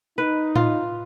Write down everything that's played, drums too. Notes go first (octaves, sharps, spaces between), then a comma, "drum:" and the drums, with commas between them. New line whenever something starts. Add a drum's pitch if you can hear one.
D#4 B4
F4, drum: tom A2